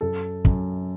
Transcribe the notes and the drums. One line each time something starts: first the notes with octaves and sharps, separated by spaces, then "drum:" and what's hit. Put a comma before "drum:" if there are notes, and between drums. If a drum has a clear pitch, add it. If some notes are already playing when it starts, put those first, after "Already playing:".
F#2 A4
F#2, drum: kick